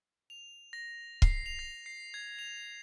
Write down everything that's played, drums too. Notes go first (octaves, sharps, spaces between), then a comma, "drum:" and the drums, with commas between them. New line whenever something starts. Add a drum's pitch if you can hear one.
F7
A#6
C7, drum: kick C#1
F7
A#6
C7
G#6
F7